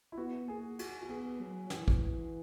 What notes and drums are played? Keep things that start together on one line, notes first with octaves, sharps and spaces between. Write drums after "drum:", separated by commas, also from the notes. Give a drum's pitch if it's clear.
E4
B3 F#4
A#3 G#4
F#4, drum: cymbal
F#4
B3 G#4
F#3
E3, drum: snare
drum: kick